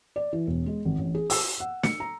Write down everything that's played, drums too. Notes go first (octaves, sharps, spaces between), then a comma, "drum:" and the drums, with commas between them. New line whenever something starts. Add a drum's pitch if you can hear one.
D5
E3
E1
G#3
G#1
A1
G#4
E6, drum: open hi-hat
F#5
C#7, drum: snare
A#5